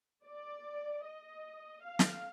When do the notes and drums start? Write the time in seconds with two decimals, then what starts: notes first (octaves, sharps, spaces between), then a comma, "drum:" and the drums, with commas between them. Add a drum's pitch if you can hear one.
0.25 D5
1.04 D#5
1.83 F5
1.99 drum: snare